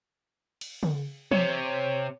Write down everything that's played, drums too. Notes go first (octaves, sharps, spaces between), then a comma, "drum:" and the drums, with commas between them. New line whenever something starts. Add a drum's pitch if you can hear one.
drum: cymbal
drum: tom C#3
C3 C#5, drum: tom